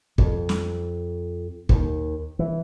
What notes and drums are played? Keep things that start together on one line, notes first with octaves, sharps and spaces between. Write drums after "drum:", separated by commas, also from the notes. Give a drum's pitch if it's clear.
F2, drum: kick
drum: snare
D#2, drum: kick
E3